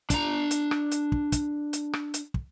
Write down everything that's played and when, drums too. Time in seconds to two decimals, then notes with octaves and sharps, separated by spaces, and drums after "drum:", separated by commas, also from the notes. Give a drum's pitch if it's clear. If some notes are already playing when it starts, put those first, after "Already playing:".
0.10 D4 A#5, drum: kick, hi-hat
0.51 drum: hi-hat
0.71 drum: rim click
0.92 drum: hi-hat
1.12 drum: kick
1.32 drum: kick, hi-hat
1.73 drum: hi-hat
1.93 drum: rim click
2.14 drum: hi-hat
2.34 drum: kick